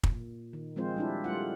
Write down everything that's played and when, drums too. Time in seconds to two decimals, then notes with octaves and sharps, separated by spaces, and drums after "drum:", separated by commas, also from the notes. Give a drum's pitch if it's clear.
0.03 A#2, drum: kick
0.53 D#3
0.76 F3 G#3 C4 F4 C5
0.96 G3 D4 E4
1.24 G3 A3 F4 F#5